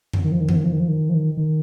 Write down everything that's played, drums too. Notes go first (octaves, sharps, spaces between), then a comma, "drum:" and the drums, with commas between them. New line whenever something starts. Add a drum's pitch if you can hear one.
drum: tom F2
D#3
F3
D#3
F3, drum: tom F2
D#3
F3
D#3
F3
D#3
F3
D#3
D#3